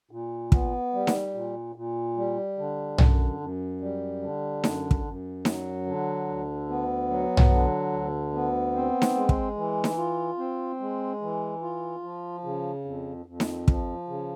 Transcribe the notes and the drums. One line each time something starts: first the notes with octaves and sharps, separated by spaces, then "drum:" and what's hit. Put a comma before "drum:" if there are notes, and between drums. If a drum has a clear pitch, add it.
A#2
B3, drum: kick
G3
drum: snare D#4
A#2
A#2
G3
D3
F#2, drum: tom
F#2
G3
D3
F#2, drum: snare D#4
drum: kick
F#2
F#3, drum: snare D#4
D3
D2
B3
F#3
drum: tom
D3
D2
B3
C4
drum: snare D#4
G#3
drum: kick
E3
drum: snare D#4
F4
C4
G#3
E3
F4
F3
C#3
F2
F2
drum: snare D#4
F3, drum: kick
C#3